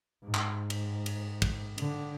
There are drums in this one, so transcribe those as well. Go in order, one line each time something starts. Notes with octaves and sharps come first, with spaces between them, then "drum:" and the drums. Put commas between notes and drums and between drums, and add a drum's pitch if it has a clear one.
G#2
drum: clap
drum: cymbal
drum: cymbal
drum: kick, cymbal
D3, drum: cymbal